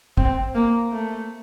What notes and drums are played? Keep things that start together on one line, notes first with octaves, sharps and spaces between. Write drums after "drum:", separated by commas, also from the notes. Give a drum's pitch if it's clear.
C4, drum: kick
A#3
A3